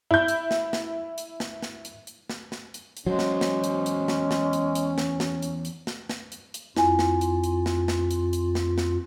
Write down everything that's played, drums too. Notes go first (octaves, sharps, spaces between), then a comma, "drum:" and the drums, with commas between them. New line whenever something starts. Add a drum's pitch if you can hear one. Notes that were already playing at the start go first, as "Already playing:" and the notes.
E4 G6
drum: hi-hat
drum: snare
drum: snare
drum: hi-hat
drum: snare
drum: snare
drum: hi-hat
drum: hi-hat
drum: snare
drum: snare
drum: hi-hat
drum: hi-hat
E2 F#3 G#3 C#4 C5
drum: snare
drum: snare
drum: hi-hat
drum: hi-hat
drum: snare
drum: snare
drum: hi-hat
drum: hi-hat
drum: snare
drum: snare
drum: hi-hat
drum: hi-hat
drum: snare
drum: snare
drum: hi-hat
drum: hi-hat
F2 E4 F4 G#5, drum: snare
drum: snare
drum: hi-hat
drum: hi-hat
drum: snare
drum: snare
drum: hi-hat
drum: hi-hat
drum: snare
drum: snare